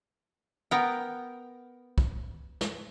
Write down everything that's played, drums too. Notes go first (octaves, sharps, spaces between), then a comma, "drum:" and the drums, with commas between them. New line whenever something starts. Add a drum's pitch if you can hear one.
B3 A#4 G5
drum: kick
drum: snare